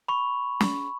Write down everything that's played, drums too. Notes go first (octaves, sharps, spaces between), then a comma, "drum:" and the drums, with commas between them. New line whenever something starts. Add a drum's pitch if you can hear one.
B5 C#6
drum: snare